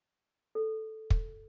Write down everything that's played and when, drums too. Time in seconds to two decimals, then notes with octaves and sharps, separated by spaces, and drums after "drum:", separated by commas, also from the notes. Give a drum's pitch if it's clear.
0.55 A4
1.10 drum: kick